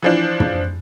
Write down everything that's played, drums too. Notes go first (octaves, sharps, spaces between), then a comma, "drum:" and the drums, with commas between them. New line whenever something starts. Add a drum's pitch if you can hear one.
E3 F3 D4
drum: tom